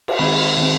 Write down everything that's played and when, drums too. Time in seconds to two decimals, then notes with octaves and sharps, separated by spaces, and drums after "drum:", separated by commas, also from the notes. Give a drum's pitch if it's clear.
0.08 drum: cymbal
0.19 D#3 G#3 C4 B5
0.57 D#3 G#3 C4